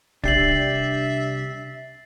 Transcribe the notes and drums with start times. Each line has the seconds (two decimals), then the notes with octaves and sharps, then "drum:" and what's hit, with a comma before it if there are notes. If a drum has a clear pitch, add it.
0.24 C2 D4 G4 E5 A6 C7 F#7, drum: kick D1